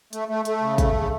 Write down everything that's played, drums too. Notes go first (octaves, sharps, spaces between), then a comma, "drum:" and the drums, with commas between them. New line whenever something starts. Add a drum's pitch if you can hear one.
A3, drum: hi-hat
A3
A3, drum: hi-hat
C#3
A3, drum: kick, hi-hat
C#3